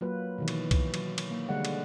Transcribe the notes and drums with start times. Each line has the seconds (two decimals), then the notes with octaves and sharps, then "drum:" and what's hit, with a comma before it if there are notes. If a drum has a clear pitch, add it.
0.01 F#3 A#3 F4 B4
0.38 B2 D#3 E3
0.48 drum: cymbal
0.71 drum: kick, cymbal
0.94 F#3, drum: cymbal
1.18 drum: cymbal
1.31 A#3
1.49 D3 G3 G#3 F#5
1.65 drum: cymbal